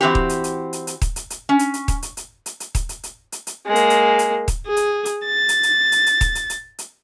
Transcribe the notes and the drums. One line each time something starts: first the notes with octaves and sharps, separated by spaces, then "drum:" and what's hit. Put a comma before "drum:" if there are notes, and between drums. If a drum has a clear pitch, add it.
E3 C4 F#4 G4
drum: kick D#1
drum: hi-hat
drum: hi-hat
drum: hi-hat
drum: hi-hat
drum: kick D#1, hi-hat
drum: hi-hat
drum: hi-hat
C#4
drum: hi-hat
drum: hi-hat
drum: kick D#1, hi-hat
drum: hi-hat
drum: hi-hat
drum: hi-hat
drum: hi-hat
drum: kick D#1, hi-hat
drum: hi-hat
drum: hi-hat
drum: hi-hat
drum: hi-hat
G#3 A#3
drum: hi-hat
drum: hi-hat
drum: hi-hat
drum: kick D#1, hi-hat
G#4
drum: hi-hat
drum: hi-hat
A6
drum: hi-hat
drum: hi-hat
drum: hi-hat
drum: hi-hat
drum: kick D#1, hi-hat
drum: hi-hat
drum: hi-hat
drum: hi-hat